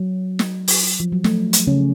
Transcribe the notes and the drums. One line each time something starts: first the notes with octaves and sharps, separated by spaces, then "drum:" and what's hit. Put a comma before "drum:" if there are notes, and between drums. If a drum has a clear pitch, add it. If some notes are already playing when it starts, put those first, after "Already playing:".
Already playing: F#3
drum: snare
drum: open hi-hat
F3
F#3
A3, drum: snare
drum: hi-hat
C#3 C#4